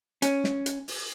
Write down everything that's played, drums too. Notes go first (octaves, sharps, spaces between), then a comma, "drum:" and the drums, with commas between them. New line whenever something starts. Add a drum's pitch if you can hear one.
C#4, drum: hi-hat
drum: snare
drum: hi-hat
drum: open hi-hat